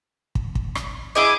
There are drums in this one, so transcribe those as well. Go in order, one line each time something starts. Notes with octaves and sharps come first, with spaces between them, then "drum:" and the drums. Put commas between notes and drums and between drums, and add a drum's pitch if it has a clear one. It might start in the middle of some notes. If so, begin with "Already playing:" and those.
drum: kick
drum: kick
drum: rim click
E4 G#4 D#5 D6